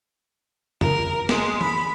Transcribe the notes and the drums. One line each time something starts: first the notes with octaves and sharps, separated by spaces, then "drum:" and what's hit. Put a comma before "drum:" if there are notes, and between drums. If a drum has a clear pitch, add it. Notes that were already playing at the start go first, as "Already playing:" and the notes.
A#4, drum: tom F2
G#3, drum: snare
B5, drum: tom